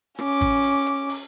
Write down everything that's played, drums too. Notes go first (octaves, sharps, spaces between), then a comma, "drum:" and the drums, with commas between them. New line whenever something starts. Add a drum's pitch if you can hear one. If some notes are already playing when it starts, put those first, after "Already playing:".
C#4 D6, drum: rim click
drum: kick G#1, hi-hat
drum: hi-hat
drum: hi-hat
drum: open hi-hat